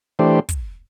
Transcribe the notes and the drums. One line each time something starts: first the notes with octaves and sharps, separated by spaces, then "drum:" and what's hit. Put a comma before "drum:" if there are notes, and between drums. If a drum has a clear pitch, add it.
E3 A3 D4 G4 C5
drum: kick, hi-hat